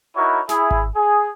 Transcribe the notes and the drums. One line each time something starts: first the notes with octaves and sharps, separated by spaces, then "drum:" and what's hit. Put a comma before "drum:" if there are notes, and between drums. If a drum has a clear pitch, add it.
D#4 E4 F#4 A#4 B4 C#5
E4 G#4, drum: snare
drum: kick G#1
G#4